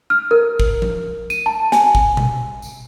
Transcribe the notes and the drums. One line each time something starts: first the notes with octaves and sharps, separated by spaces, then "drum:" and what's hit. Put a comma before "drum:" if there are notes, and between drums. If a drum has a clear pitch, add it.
F6
A#4
drum: kick
drum: tom
D#7, drum: tambourine
A5
G#5, drum: snare
drum: kick
drum: tom B2
drum: tambourine